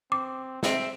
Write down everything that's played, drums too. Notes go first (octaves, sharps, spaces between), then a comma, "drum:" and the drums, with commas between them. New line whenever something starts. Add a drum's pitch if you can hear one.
C4 D6
C4 E5, drum: snare